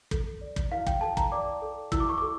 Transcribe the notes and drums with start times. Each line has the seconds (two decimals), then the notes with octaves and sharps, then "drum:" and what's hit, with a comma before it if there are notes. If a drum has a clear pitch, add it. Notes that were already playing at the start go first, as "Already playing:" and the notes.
0.11 A4, drum: kick
0.41 D5
0.56 drum: kick
0.71 E4 F5
0.87 G5, drum: kick
1.01 A4 A5
1.17 A#5, drum: kick
1.32 D5 D6
1.62 A4
1.92 E4 E6, drum: kick
2.00 D6
2.09 C#6
2.18 A4 D6